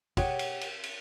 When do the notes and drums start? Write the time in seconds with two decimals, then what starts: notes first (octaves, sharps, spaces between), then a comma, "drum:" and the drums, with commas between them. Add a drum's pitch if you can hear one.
0.17 G4 G#4 C#5 F#5, drum: kick, cymbal
0.39 drum: cymbal
0.61 drum: cymbal
0.83 drum: cymbal